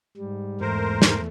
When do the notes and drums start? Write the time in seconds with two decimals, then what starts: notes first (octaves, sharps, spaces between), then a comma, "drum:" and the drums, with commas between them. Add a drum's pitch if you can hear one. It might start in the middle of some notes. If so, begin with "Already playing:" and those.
0.17 G#2 G3
0.61 E2 G#2 A3 A#4 C5
1.02 drum: snare